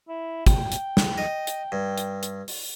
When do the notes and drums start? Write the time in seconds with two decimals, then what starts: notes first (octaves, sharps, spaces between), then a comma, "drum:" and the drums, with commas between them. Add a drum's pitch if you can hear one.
0.09 E4
0.47 G5, drum: kick, hi-hat
0.72 drum: hi-hat
0.97 drum: snare
1.18 D#5
1.47 drum: hi-hat
1.72 G2
1.98 drum: hi-hat
2.23 drum: hi-hat
2.48 drum: open hi-hat